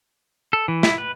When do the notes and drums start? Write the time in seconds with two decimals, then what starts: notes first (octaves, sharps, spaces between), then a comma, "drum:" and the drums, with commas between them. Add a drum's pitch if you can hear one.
0.53 A4
0.68 E3
0.83 E4, drum: snare
0.98 B4